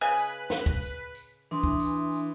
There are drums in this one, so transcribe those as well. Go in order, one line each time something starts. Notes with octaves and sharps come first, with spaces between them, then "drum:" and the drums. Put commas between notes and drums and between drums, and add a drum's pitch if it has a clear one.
C#3 B4 D#5 G#5
drum: tambourine
drum: snare
drum: kick
drum: tambourine
drum: tambourine
E3 D4 C6 D#6
drum: kick
drum: tambourine
drum: tambourine